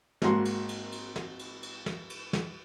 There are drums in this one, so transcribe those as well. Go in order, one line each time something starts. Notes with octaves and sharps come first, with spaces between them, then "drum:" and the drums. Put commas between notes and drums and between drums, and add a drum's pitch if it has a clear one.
G#1 G#2 A#3 F#4 C6, drum: snare
drum: cymbal
drum: cymbal
drum: cymbal
drum: snare
drum: cymbal
drum: cymbal
drum: snare
drum: cymbal
drum: snare